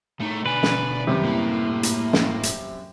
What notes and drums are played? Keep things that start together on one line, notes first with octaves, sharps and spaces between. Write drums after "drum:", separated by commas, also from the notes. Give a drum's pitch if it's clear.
A2 A3 D#4 C#5
B2 D3 B4 D5 G#5
drum: snare
F#2 C3 D#3 G3
A2 A#3 E4
drum: hi-hat
drum: snare
drum: hi-hat